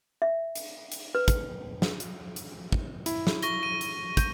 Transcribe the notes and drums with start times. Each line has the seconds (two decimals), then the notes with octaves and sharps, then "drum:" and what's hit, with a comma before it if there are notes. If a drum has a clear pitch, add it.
0.22 E5
0.55 drum: hi-hat
0.92 drum: hi-hat
1.15 B4
1.28 drum: kick, hi-hat
1.82 drum: snare
2.00 drum: hi-hat
2.36 drum: hi-hat
2.72 drum: kick
3.06 E4, drum: hi-hat
3.27 drum: snare
3.42 C#6 A#6 G7, drum: hi-hat
3.63 D#7
3.81 drum: hi-hat
4.17 G6 D#7, drum: kick, hi-hat